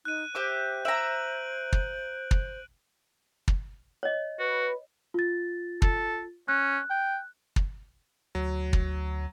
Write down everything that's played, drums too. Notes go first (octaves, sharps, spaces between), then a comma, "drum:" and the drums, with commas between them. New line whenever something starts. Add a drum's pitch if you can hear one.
D#4 F#6 D#7
G4 C5 E5 D6
E5 A#5 D7 F#7
drum: kick
drum: kick
drum: kick
C#5 D#5
F#4 B4
F4 A6
A4, drum: kick
C#4 F#6
G5
drum: kick
D2 F#3
drum: kick